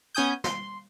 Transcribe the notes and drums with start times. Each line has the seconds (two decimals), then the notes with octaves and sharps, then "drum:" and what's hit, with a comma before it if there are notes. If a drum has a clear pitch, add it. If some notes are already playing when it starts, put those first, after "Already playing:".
0.15 B3 C#4 G#5 D#6 G6
0.44 C6, drum: snare